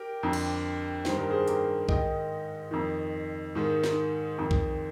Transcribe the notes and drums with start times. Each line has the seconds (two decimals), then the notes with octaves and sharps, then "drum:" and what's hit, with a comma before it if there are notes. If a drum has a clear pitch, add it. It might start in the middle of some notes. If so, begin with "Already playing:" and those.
Already playing: G4 A#4
0.23 F2 D3
0.33 drum: cymbal
1.05 G2 D#3 C5, drum: snare
1.18 A#4
1.30 G#4 C5
1.48 G4 A#4, drum: hi-hat
1.89 G#2 D#3 D#5 G5, drum: kick B1
2.71 F2 D#3
3.55 G#2 D#3
3.84 drum: snare
4.38 F2 D#3
4.51 drum: kick B1